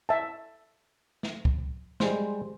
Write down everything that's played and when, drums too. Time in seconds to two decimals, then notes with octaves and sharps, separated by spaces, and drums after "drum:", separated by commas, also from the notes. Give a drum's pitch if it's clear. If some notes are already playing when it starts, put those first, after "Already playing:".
0.09 E5 A5
1.23 drum: snare
1.45 drum: kick
2.00 G3 G#3 C5, drum: snare